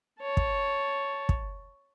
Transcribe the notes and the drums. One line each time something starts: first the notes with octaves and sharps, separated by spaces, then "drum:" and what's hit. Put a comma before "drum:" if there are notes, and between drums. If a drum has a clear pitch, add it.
C#5 A5
drum: kick
drum: kick